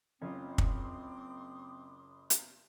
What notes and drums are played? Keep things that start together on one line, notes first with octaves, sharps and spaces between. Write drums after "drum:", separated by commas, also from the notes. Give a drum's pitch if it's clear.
F#1 C4 C#4 F4 C6 D6 D#6
drum: kick
drum: hi-hat